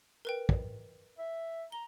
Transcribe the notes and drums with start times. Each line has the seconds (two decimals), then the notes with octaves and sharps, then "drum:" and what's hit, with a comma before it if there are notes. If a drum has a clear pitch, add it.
0.25 A#4 B4 G5
0.49 drum: kick
1.19 E5
1.72 A#5 G7